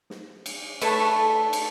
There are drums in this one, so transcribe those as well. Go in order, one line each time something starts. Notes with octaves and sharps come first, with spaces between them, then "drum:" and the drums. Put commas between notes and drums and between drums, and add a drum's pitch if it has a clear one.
drum: snare
drum: cymbal
A3 A4 B4 C#5, drum: cymbal
drum: cymbal